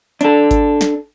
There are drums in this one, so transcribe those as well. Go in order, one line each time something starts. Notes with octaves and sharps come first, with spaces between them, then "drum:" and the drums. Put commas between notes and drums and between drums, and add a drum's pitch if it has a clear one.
D4 A4, drum: hi-hat
drum: kick G#1, hi-hat
drum: snare